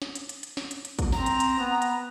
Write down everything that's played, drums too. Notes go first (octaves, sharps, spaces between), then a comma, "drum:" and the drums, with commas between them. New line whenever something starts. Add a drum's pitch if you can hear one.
drum: snare
drum: hi-hat
drum: hi-hat
drum: hi-hat
drum: snare
drum: hi-hat
drum: hi-hat
drum: kick, hi-hat
C4 A#5, drum: snare
drum: hi-hat
drum: hi-hat
B3
drum: hi-hat